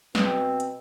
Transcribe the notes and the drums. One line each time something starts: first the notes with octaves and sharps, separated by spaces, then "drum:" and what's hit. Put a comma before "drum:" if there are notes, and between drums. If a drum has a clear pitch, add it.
B2 C4, drum: snare
drum: hi-hat